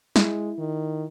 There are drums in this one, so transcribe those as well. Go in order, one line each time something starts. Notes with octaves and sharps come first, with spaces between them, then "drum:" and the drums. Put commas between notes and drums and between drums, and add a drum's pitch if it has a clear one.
G#3 E4, drum: snare
D#3